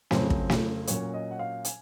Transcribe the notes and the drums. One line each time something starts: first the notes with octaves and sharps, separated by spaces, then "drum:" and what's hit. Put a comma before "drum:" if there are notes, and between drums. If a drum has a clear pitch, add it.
F2 C#3 F#3 C4 C5, drum: snare
drum: kick
drum: snare
A#2 F#3 C#4 C#5, drum: hi-hat
D#5
F#5
F5
G#5, drum: hi-hat